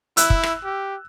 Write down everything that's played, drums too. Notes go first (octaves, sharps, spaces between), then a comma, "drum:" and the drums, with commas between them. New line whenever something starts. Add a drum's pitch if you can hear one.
E4 E6 F#6, drum: hi-hat
drum: kick
drum: rim click
G4